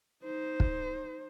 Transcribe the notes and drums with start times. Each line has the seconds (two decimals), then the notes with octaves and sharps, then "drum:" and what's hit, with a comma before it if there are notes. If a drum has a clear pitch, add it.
0.23 D#4 C5
0.60 drum: kick